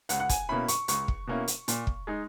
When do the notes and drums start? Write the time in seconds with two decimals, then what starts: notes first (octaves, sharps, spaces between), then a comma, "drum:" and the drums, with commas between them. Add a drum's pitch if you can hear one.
0.09 C#2 F#5, drum: hi-hat
0.20 F#5
0.29 G#5, drum: kick, hi-hat
0.49 B2 A#3 C#4 E4 B5
0.68 C#6, drum: hi-hat
0.88 C#2 C#6, drum: hi-hat
1.08 drum: kick
1.27 B2 A#3 C#4 E4
1.48 drum: hi-hat
1.68 A#2, drum: hi-hat
1.87 drum: kick
2.07 G#3 D#4